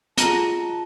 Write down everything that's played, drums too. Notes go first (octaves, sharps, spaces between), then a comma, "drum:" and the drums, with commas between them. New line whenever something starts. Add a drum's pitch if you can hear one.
F4 F#4 G#4 D#5 A5 A#5, drum: hi-hat